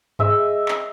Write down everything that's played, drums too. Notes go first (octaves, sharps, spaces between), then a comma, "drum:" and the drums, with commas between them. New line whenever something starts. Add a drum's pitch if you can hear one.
G#3 E5, drum: tom G2
drum: clap